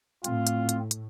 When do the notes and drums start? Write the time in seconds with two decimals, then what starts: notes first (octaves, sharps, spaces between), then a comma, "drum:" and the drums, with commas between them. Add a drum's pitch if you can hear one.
0.24 A2 C4 F4, drum: hi-hat
0.47 drum: hi-hat
0.69 drum: hi-hat
0.91 drum: hi-hat